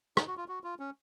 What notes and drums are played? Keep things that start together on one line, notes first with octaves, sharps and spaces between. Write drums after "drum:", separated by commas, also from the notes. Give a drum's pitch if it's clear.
D#4, drum: rim click
F#4
F4
F#4
F4
C#4